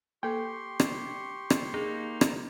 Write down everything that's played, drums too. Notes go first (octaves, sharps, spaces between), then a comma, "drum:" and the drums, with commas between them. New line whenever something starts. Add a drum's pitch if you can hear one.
A#3 G4 A4 G5 C6 C#6
drum: rim click
drum: rim click
A#3 D#4 G#4
drum: rim click